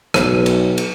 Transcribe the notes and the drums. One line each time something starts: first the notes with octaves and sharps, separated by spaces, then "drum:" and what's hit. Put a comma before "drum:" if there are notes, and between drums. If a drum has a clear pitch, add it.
B1, drum: rim click
drum: cymbal
drum: cymbal